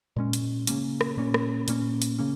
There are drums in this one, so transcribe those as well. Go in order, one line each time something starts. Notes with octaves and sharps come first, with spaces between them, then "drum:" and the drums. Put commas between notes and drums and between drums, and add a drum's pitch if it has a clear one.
A#2 G#3 C#4
drum: hi-hat
C#3 A#3 C#4, drum: hi-hat
drum: rim click
A#2 A#3 C#4
drum: rim click
A#2 A#3 C#4, drum: hi-hat
drum: hi-hat
C#3 A#3 C#4